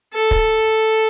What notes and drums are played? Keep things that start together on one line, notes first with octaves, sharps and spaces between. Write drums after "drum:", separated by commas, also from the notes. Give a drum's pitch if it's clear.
A4
drum: kick